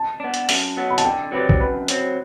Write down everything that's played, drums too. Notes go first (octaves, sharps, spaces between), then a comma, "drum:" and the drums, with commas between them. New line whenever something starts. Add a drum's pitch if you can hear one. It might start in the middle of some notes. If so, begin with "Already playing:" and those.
Already playing: A5
B3 D4
drum: hi-hat
F#2, drum: open hi-hat
F#3 B3
B5
A5, drum: hi-hat
D3 G5
F#3 C4 G4 B4 D5
drum: kick B1
F#2 B4
F#3 C4, drum: hi-hat